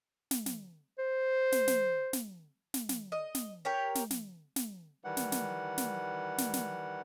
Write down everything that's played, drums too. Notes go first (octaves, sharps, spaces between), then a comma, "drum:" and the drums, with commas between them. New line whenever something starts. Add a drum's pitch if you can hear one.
drum: snare
drum: snare
C5
drum: snare
drum: snare
drum: snare
drum: snare
drum: snare
D#5
drum: snare
G4 A#4 C#5
drum: snare
drum: snare
drum: snare
D#3 E3 G3 F#5
drum: snare
drum: snare
drum: snare
drum: snare
drum: snare